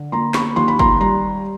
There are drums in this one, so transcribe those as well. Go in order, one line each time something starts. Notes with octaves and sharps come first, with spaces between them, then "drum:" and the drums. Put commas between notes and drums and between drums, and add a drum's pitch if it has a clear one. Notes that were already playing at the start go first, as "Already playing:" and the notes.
Already playing: D3
A#3 A#5 C6
B5 C#6, drum: snare
D#2 C6
B5
A#5 C6, drum: kick F#1
G3 A#5 C6